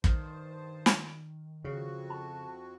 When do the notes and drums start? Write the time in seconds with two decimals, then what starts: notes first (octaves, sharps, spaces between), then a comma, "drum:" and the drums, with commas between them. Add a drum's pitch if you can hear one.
0.04 G2 D#3 C5 A5, drum: kick
0.86 drum: snare
1.64 F2 C#3 F#4
2.10 A5